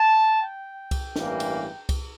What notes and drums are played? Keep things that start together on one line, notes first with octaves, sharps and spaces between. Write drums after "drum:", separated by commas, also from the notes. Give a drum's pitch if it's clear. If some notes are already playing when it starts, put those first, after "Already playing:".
Already playing: A5
G5
drum: kick C2, cymbal
A1 G2 E3 A#3, drum: snare
drum: cymbal
drum: kick C2, cymbal